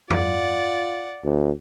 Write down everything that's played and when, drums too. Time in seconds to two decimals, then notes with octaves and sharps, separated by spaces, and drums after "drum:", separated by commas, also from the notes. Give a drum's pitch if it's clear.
0.10 F4 D5 F#5, drum: tom F2
1.24 D2